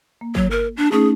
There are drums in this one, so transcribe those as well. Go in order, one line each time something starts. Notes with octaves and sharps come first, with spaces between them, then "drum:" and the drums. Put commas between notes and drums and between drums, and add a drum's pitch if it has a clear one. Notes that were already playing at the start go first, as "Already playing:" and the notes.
A#3
F#3, drum: kick G1
A#4
D4
A3 C#4 D#4 G#4